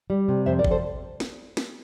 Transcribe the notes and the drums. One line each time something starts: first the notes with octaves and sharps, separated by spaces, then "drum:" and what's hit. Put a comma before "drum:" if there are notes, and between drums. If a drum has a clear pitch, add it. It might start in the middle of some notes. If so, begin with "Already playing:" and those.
G3
C3
F2 C5 E5
A#4 D5
F2, drum: kick G1
A4 C5
drum: snare
drum: snare